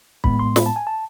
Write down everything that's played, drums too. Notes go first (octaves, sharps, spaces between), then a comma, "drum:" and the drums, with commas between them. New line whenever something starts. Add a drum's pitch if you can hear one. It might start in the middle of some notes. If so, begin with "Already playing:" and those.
A2 G#3 B3 B5, drum: kick
C6
B5, drum: snare
A5
G#5
A5